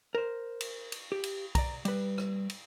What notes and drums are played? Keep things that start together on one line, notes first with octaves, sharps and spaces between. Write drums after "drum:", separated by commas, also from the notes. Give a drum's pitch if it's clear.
A#4 C5
drum: cymbal
drum: cymbal
G4
drum: cymbal
D5 A#5, drum: kick B1, cymbal
G3 B4, drum: cymbal
drum: rim click
drum: cymbal